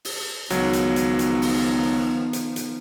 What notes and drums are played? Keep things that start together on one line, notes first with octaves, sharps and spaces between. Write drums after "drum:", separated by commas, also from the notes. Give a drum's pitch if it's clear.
drum: open hi-hat
C#2 D#3 F3 F#3 B3, drum: hi-hat
drum: hi-hat
drum: hi-hat
drum: hi-hat
drum: open hi-hat
drum: hi-hat
drum: hi-hat